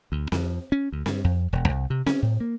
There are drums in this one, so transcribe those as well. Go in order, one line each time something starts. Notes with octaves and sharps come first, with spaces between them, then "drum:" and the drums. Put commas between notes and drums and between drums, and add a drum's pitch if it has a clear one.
D2
F2, drum: snare C4
C#4
D2
G2, drum: snare C4
F2
E1
C2
C3
C#4, drum: snare C4
A2
A#3